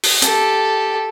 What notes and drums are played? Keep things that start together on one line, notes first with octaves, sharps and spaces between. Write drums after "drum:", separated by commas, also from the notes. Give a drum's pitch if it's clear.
drum: open hi-hat
G4 A4, drum: hi-hat